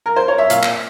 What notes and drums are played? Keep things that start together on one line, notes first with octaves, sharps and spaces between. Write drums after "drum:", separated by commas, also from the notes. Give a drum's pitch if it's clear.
A#4
C5
C#5
E5
A#2 F5, drum: hi-hat
drum: clap